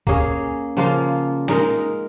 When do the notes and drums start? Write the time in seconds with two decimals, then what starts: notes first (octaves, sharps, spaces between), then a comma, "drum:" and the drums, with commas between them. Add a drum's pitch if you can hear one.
0.07 A#3 C#4 G#4, drum: kick
0.77 C#3 F3 A#3 F4
1.48 G#3 D#4 A#4, drum: snare